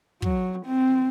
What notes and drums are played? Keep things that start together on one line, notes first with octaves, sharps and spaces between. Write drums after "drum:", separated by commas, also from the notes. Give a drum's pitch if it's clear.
F#3, drum: kick
C4